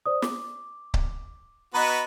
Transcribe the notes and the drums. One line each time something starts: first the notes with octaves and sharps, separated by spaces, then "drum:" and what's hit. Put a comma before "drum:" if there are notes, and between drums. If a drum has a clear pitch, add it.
C5 D5 D#6
D6, drum: snare
drum: kick C#1
B3 F#4 B4 D#5 A#5